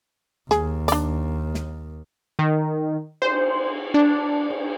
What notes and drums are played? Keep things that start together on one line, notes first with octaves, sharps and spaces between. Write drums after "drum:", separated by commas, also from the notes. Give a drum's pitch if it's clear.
D#2 G#4, drum: snare
D4 D5, drum: hi-hat
drum: snare
D#3
C5, drum: cymbal
D4
drum: cymbal